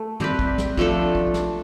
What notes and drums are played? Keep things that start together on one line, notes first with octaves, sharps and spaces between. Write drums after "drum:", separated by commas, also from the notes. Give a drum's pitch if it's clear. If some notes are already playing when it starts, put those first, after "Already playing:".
Already playing: A3
G3 C4 G4 B4, drum: tom
drum: kick
drum: snare
F3 A3 D4 A4, drum: kick
drum: kick
drum: snare